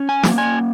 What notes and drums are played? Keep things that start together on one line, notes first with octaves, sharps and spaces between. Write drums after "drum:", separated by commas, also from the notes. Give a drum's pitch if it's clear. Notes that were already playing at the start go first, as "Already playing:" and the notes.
Already playing: C#4
G#5
A#3, drum: snare
G#5